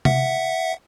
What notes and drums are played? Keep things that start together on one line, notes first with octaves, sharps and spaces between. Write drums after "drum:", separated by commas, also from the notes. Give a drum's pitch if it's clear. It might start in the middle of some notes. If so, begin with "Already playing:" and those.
E5 F#5, drum: tom C3